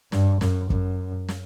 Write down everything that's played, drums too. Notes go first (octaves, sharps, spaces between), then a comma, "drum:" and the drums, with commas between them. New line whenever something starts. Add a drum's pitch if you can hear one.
G2, drum: snare
F#2, drum: snare
F#2, drum: kick
drum: snare